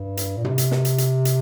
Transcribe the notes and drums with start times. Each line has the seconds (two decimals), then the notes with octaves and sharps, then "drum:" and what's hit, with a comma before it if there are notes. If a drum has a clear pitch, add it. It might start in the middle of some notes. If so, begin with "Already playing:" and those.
Already playing: G2
0.17 drum: hi-hat
0.37 A#2
0.44 C3, drum: tom
0.58 drum: hi-hat
0.71 drum: snare
0.85 drum: hi-hat
0.98 drum: hi-hat
1.25 drum: hi-hat